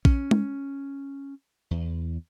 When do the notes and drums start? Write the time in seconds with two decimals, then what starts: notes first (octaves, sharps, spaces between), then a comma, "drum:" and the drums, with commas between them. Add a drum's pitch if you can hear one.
0.05 C#4, drum: kick A#1
0.31 drum: tom G#3
1.71 E2